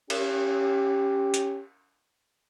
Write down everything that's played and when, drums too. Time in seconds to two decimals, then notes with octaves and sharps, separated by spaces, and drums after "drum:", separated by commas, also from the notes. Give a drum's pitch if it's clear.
0.10 C#4 G4, drum: cymbal
1.34 drum: hi-hat